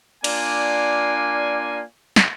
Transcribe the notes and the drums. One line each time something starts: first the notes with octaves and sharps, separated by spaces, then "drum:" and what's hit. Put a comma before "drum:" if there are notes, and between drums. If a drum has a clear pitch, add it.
A#3 D4 F4 D5 G#5, drum: cymbal
drum: snare